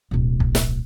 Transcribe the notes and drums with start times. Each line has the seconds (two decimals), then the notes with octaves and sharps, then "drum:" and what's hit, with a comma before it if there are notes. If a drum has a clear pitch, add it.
0.11 D1 B1
0.40 drum: kick
0.55 drum: snare